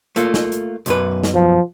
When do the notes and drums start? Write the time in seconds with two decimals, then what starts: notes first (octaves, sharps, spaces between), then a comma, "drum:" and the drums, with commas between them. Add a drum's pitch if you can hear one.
0.16 A3 A#3 F4, drum: hi-hat
0.34 drum: snare
0.52 drum: hi-hat
0.86 B1 F#2 B4, drum: hi-hat
1.24 drum: snare
1.34 F3